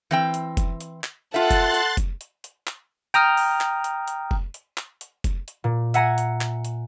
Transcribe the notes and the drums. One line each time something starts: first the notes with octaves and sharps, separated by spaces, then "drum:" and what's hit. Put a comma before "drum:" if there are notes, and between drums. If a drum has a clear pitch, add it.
E3 C4 G5
drum: hi-hat
drum: kick F1, hi-hat
drum: hi-hat
drum: clap
F4 A4 E5 F#5 C6 F#6 A6
drum: kick F1, hi-hat
drum: hi-hat
drum: kick F1, hi-hat
drum: hi-hat
drum: hi-hat
drum: clap
G5 A#5 D#6 F6, drum: hi-hat
drum: open hi-hat
drum: clap
drum: hi-hat
drum: hi-hat
drum: kick F1
drum: hi-hat
drum: clap
drum: hi-hat
drum: kick F1, hi-hat
drum: hi-hat
A#2
E5 F#5 G#5 A#5, drum: hi-hat
drum: hi-hat
drum: clap
drum: hi-hat